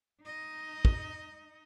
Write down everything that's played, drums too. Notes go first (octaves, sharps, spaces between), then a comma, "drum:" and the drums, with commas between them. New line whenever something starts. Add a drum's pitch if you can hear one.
D#4 D#5
drum: kick